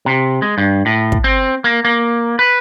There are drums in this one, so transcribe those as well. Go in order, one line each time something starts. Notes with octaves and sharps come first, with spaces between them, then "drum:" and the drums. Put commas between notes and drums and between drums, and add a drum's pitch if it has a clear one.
C3
G#3
G2
A2
drum: kick
C4
A#3
A#3
B4